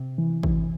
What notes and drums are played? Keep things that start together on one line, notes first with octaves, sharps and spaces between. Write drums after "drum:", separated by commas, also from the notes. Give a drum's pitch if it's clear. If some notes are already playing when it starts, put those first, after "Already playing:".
Already playing: C3
E3
E3, drum: kick